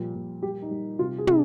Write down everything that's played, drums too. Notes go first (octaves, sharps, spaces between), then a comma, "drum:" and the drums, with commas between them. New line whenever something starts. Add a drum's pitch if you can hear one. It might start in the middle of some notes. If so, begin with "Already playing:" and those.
Already playing: A#2 F3 G3
A#2
G3 G4
D#4
G3
C3 F4
G#4
C3, drum: tom